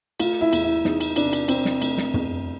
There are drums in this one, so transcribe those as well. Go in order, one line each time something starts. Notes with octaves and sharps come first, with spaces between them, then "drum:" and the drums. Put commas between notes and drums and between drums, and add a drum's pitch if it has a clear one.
A3 F4, drum: cymbal
E4
E2, drum: cymbal
E4
E2 D#4, drum: snare
drum: cymbal
C3 D4, drum: cymbal
drum: cymbal
C3 C4, drum: cymbal
drum: snare
A3, drum: cymbal
drum: snare
E2, drum: tom